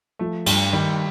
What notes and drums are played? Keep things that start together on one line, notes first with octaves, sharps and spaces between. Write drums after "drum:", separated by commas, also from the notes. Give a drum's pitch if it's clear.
F3 A3
G2 G3, drum: cymbal
D#3 G3